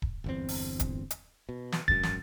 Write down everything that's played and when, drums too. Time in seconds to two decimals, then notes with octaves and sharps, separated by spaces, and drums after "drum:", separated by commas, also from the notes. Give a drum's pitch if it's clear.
0.02 drum: kick D#1
0.24 G1 E2 C4
0.49 drum: open hi-hat
0.80 drum: kick D#1, hi-hat
1.10 drum: hi-hat
1.49 B2
1.72 drum: snare
1.88 G#1 F#2 A6, drum: kick D#1
2.03 drum: snare